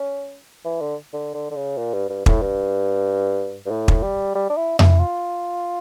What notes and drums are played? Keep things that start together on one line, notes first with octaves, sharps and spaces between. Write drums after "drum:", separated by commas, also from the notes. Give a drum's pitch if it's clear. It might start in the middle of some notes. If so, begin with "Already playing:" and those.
Already playing: C#4
E3
D3
D3
D3
D3
C#3
A#2
G2
G2
A2, drum: kick
G2
G2
A2
drum: kick
G3
G3
D4
E4
E4, drum: tom F2
F4